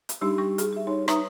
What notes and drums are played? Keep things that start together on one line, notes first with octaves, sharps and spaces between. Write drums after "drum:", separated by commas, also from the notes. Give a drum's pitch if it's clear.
drum: hi-hat
G3 D4 D#4 G4
G3 C#6
G#4, drum: hi-hat
G4 E5
D#4 C#5
D#4 B4 C#5 E5 A#5 D#6, drum: rim click